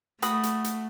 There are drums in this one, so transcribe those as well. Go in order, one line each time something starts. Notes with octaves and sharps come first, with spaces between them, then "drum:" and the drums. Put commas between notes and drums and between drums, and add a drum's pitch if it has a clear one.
A3 F#4 B5 D#6, drum: hi-hat
drum: hi-hat
drum: hi-hat